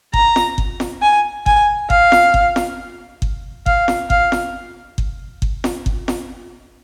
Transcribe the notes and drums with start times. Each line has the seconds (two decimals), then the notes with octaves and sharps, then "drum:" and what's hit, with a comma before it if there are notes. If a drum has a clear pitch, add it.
0.14 A#5, drum: kick G1
0.36 drum: snare F4
0.58 drum: kick G1
0.80 drum: snare F4
1.02 G#5
1.46 G#5, drum: kick G1
1.90 F5, drum: kick G1
2.12 drum: snare F4
2.34 drum: kick G1
2.56 drum: snare F4
3.22 drum: kick G1
3.66 F5, drum: kick G1
3.88 drum: snare F4
4.10 F5, drum: kick G1
4.32 drum: snare F4
4.98 drum: kick G1
5.42 drum: kick G1
5.64 drum: snare F4
5.86 drum: kick G1
6.08 drum: snare F4